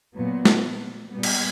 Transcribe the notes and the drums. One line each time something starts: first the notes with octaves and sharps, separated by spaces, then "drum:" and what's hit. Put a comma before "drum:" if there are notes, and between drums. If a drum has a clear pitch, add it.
A#2 F#3 B3
drum: snare
A#2 G3 B3
drum: cymbal